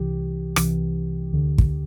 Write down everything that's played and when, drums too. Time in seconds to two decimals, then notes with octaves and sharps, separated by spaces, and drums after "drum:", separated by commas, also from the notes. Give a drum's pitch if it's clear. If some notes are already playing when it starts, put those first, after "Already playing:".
Already playing: C2 C3 E3 G4
0.56 C2 C3 E3, drum: rim click
1.32 D2 D3
1.58 drum: kick